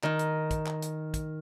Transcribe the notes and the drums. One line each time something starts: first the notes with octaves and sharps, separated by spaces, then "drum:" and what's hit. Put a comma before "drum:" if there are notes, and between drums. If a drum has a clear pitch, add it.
D#3, drum: clap
drum: hi-hat
drum: kick, hi-hat
drum: clap
drum: hi-hat
drum: kick, hi-hat